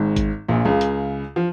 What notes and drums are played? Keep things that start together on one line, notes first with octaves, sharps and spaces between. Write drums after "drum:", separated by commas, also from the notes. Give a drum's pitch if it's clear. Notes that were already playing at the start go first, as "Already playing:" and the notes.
Already playing: G#1 G#2
drum: kick G#1, hi-hat
A#1 A#2
C#2 C#3
drum: hi-hat
F3